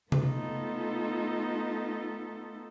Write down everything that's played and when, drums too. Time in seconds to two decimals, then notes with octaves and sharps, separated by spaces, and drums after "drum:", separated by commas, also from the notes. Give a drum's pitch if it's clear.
0.12 A3 B3 D#4 F4 A4, drum: tom C3